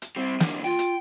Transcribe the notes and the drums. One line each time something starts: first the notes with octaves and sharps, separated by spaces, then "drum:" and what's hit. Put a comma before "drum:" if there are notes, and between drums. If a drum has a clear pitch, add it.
drum: hi-hat
G3 C4
F#2 D3, drum: snare
F4 G5
drum: hi-hat